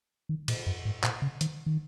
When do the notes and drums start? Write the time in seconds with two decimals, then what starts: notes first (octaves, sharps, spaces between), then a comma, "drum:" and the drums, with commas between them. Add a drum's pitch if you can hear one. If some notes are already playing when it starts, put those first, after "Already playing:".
0.29 D#3
0.48 A#2, drum: cymbal
0.67 F#2
0.85 G#2
1.03 A#2, drum: clap
1.22 C#3
1.41 D#3, drum: hi-hat
1.66 D#3